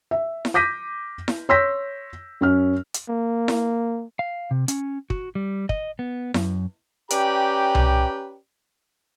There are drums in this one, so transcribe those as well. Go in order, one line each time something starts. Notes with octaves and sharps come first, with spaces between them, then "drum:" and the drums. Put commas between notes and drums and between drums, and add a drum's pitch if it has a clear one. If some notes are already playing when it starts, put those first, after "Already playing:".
E5
drum: snare E4
D6 G6 A#6 B6 D#7
drum: snare E4
C#5 C6 E6 G6 A#6 B6
F#2 C#4 F6
drum: hi-hat
A#3
drum: snare E4
F5
C3
C#4, drum: hi-hat
F#4, drum: kick
G3
D#5, drum: kick
B3
F#2, drum: snare E4
C#4 G4 B4 D5 G5 A#5, drum: hi-hat
drum: tom C2